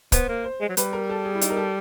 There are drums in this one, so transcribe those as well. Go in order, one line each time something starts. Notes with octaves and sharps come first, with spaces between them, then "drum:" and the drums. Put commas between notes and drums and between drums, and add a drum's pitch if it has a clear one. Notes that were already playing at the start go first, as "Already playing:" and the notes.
B3 C5, drum: kick, hi-hat
A#3
C5
G#3
F#3
G3 B4, drum: hi-hat
A#4
A4
G#4
E4
D#4, drum: hi-hat
A#4
A4